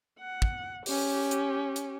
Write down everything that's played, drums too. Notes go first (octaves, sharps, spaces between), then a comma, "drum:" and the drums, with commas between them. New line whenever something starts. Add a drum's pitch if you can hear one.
F#5
drum: kick
C#4 G4, drum: open hi-hat
drum: hi-hat
drum: hi-hat